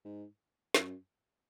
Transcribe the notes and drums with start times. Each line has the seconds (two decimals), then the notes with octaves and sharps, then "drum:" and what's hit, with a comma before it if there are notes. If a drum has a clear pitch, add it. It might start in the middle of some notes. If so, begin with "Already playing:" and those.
0.05 G#2
0.75 F#2, drum: snare